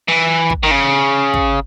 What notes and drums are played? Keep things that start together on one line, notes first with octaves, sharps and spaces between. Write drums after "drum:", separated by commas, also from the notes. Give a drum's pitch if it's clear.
E3
drum: kick
D#3
C#3
drum: kick